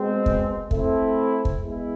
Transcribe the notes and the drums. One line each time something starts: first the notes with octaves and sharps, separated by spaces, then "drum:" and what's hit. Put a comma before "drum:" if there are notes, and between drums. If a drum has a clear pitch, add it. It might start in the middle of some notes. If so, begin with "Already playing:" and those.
Already playing: B2 G#3 C4
drum: kick
A3 C4 E4, drum: kick
drum: kick
G#3 B3 E4